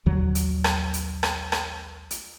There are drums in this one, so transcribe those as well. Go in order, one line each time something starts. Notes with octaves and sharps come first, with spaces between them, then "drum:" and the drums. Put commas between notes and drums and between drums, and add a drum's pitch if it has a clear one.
A#1 D#2 D3 F#3
drum: hi-hat
drum: rim click
drum: hi-hat
drum: rim click
drum: rim click
drum: hi-hat